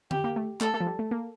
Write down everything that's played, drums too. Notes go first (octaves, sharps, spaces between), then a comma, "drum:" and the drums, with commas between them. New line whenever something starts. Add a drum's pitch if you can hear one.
G4, drum: tom D3
A#3
A3
A3 A4, drum: clap
A3
F3
G3
A3
A#3